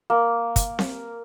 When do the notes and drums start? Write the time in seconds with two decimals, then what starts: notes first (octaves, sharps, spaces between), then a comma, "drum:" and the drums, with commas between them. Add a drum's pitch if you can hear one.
0.10 A#3
0.56 drum: kick, hi-hat
0.79 drum: snare C4